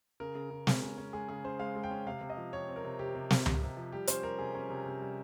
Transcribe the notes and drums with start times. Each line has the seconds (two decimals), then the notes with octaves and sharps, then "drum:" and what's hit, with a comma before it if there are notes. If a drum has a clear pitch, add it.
0.20 C#3 A#4
0.35 C#3
0.50 C#3
0.67 G#3, drum: snare
0.82 C#4
0.98 C#4
1.13 G#3 G#4
1.29 C#3 G#4
1.44 C#3 C5
1.59 G#3 F5
1.75 G#3
1.84 G5
1.91 C#4
2.07 C3 F5
2.21 C3
2.30 D#5
2.37 F3
2.53 F3 C#5
2.68 C4
2.76 A#4
2.84 C3
2.99 C3 G4
3.15 C3
3.30 C3, drum: snare
3.46 C3, drum: tom C#2
3.62 C3
3.77 F3
3.92 G3 G4
4.07 C#4 C5, drum: hi-hat
4.23 G3 A#4
4.39 C3 G#4
4.55 C#4
4.70 C3
4.86 C3
5.01 G3